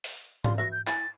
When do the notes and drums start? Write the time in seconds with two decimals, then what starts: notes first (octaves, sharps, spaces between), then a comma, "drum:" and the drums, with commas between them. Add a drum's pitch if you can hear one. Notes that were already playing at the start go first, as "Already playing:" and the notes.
0.04 drum: open hi-hat
0.44 G3 F4 C6, drum: tom G#2
0.58 F#4 B4 E5 A#6
0.72 G6
0.87 E4 G#5 A6, drum: clap